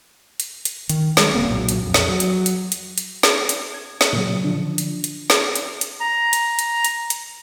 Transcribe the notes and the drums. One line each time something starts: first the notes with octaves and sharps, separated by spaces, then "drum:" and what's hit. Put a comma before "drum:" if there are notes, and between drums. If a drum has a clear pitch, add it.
drum: hi-hat
drum: hi-hat
D#3, drum: hi-hat
G3 G#3, drum: snare
D1 C#3 A#3 C4
B1 A#2 F#3
drum: hi-hat
F2
drum: snare
F#3
drum: hi-hat
drum: hi-hat
drum: hi-hat
drum: hi-hat
drum: snare
drum: hi-hat
G#6
drum: snare
A#2 C#3 F#3
D3 F3 D4
drum: hi-hat
drum: hi-hat
drum: snare
drum: hi-hat
drum: hi-hat
A#5
drum: hi-hat
drum: hi-hat
drum: hi-hat
drum: hi-hat